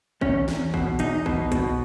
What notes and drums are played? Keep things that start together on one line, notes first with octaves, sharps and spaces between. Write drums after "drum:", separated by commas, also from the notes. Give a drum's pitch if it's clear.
E2 C#4, drum: kick
E2, drum: snare
B2, drum: kick
E2 D#4, drum: hi-hat
B2, drum: kick
B2, drum: kick, hi-hat